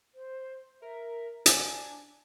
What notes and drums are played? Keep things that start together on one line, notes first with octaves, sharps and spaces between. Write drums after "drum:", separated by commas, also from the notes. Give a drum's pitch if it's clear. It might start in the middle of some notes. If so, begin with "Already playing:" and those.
C5
A#4 E5
D4 G#5, drum: hi-hat